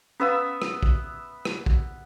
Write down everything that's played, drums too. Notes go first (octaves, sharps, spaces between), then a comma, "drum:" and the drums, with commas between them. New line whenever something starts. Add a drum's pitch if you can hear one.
B3 C#4 B4 E5 F5 E6
drum: rim click
drum: kick
drum: rim click
drum: kick